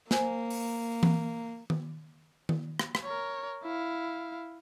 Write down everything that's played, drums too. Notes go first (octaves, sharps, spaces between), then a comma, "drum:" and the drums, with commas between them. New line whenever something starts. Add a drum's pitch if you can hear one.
A#3 C5 G#5, drum: snare
drum: open hi-hat
drum: tom E3
drum: tom D#3
drum: tom D#3
drum: rim click
drum: rim click
A#4 C#5
E4 F5